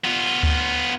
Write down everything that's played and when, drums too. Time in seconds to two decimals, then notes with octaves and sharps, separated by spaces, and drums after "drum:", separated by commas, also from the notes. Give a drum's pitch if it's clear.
0.05 B3 F4
0.43 drum: kick D2